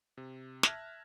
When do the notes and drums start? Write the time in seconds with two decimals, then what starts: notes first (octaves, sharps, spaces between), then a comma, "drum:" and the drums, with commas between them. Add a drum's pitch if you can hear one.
0.17 C3
0.63 E5 A5 F6 F#6 G#6 A#6, drum: snare